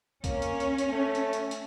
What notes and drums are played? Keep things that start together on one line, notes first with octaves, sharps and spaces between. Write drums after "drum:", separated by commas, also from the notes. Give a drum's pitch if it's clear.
A#3 C#4, drum: kick B1, hi-hat
drum: hi-hat
drum: hi-hat
drum: hi-hat
A3
drum: hi-hat
drum: hi-hat
drum: hi-hat